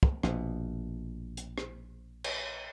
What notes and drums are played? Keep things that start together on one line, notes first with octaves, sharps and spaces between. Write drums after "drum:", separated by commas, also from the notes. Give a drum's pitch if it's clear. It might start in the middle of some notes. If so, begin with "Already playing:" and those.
drum: kick
A#1 B2, drum: rim click
drum: hi-hat
drum: rim click
drum: cymbal